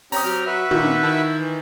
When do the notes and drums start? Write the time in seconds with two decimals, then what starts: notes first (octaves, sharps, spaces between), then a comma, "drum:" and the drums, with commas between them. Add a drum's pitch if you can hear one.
0.12 C4 C#4 G4 A#5 D#6, drum: open hi-hat
0.23 F#3 C4 G4 F6
0.46 F#4 B4 E5
0.71 A#2 D#3, drum: tom
1.03 D#3 E4 A5
1.40 E3